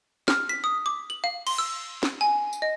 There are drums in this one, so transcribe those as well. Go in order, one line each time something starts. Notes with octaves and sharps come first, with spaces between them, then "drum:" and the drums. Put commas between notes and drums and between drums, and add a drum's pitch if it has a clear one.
F6, drum: snare
B6
D#6
D6
F#7
F5
C6, drum: cymbal
E6
drum: snare
G#5
drum: tambourine
D#5